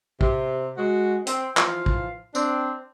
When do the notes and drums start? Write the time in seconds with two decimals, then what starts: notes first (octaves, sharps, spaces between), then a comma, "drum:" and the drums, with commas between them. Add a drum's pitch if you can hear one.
0.21 C3, drum: kick
0.78 G#3 F#4
1.27 C4, drum: hi-hat
1.57 E3 F3 F4 F5, drum: clap
1.86 drum: kick
2.35 C4 D4, drum: tambourine